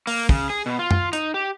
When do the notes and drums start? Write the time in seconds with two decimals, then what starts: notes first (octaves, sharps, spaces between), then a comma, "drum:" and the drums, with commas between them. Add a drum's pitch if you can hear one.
0.07 A#3, drum: open hi-hat
0.29 C#3, drum: kick
0.50 G#4
0.66 B2
0.79 F4
0.91 drum: tom F#2
1.13 D#4, drum: hi-hat
1.34 G4